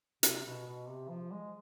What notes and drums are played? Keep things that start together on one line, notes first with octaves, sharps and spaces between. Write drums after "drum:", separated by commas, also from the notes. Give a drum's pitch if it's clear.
C3, drum: hi-hat
B2
B2
C3
F3
G#3